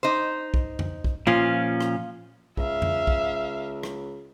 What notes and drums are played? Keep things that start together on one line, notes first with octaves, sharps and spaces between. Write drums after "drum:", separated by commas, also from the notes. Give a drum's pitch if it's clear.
D#4 C5
drum: kick B1
drum: tom F2
drum: kick B1
A#2 F3 C#4 F4
drum: rim click
C#2 E5 F5, drum: kick B1
drum: tom F2
drum: kick B1
drum: rim click